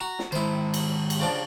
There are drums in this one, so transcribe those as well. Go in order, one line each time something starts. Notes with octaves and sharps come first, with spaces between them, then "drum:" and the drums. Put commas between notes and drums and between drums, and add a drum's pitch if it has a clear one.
F#4 A#5
drum: snare
D#3 G#3 E4 C5
drum: cymbal
drum: cymbal
C#3 F3 D4